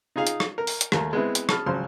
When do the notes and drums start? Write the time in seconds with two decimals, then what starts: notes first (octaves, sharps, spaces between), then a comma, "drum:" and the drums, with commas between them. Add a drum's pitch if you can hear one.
0.16 D#4 F4 G#4 F5
0.27 drum: hi-hat
0.40 drum: rim click
0.58 A#4
0.67 drum: open hi-hat
0.81 drum: hi-hat
0.92 D#2 A3 A#4 A#5, drum: rim click
1.13 G#3 B3 C4 E4
1.35 drum: hi-hat
1.49 G#4 A5 B5 F6, drum: rim click
1.66 G#1 C#2 F3 F#3 C5 C6